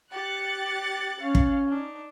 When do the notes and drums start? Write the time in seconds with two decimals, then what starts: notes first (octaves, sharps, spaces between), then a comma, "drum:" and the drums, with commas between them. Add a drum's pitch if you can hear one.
0.12 G4 F#6 A6 C#7
1.20 C#4 F5
1.35 drum: kick
1.68 D4 D#4